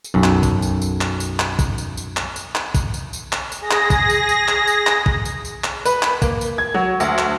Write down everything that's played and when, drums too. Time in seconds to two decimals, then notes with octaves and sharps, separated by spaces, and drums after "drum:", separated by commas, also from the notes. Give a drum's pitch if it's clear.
0.04 drum: tambourine
0.14 B1 F#2
0.24 drum: clap
0.43 drum: kick, tambourine
0.62 drum: tambourine
0.82 drum: tambourine
1.01 drum: clap
1.20 drum: tambourine
1.39 drum: clap
1.59 drum: kick, tambourine
1.78 drum: tambourine
1.97 drum: tambourine
2.17 drum: clap
2.36 drum: tambourine
2.55 drum: clap
2.75 drum: kick, tambourine
2.94 drum: tambourine
3.13 drum: tambourine
3.32 drum: clap
3.52 drum: tambourine
3.61 G#4 A#6
3.71 drum: clap
3.90 drum: kick, tambourine
4.10 drum: tambourine
4.29 drum: tambourine
4.48 drum: clap
4.67 drum: tambourine
4.87 drum: clap
5.06 drum: kick
5.25 drum: tambourine
5.45 drum: tambourine
5.64 drum: clap
5.85 B4, drum: tambourine
6.03 drum: clap
6.22 A#3, drum: kick, tambourine
6.41 drum: tambourine
6.58 G#6
6.75 F#3
7.00 D2, drum: tambourine
7.18 drum: clap